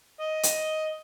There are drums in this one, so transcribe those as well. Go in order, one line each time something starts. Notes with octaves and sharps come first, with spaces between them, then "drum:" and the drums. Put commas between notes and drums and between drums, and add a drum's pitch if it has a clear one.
D#5
drum: hi-hat